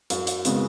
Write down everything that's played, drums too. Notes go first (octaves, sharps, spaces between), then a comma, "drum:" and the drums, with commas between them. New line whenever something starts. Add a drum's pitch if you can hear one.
F#2, drum: hi-hat
drum: hi-hat
C#3 G#3 B3, drum: hi-hat